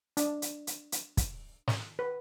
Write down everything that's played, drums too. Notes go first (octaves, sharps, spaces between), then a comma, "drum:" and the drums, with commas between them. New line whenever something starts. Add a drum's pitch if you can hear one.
D4, drum: hi-hat
drum: hi-hat
drum: hi-hat
drum: hi-hat
drum: kick, hi-hat
drum: snare
B4